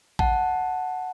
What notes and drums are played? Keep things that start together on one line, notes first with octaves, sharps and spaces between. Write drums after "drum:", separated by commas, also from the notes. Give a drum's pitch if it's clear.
F#5 A5, drum: kick